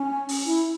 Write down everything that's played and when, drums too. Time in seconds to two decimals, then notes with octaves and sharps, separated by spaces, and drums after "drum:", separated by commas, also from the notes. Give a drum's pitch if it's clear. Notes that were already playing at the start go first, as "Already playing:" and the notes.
Already playing: C#4
0.29 drum: open hi-hat
0.45 E4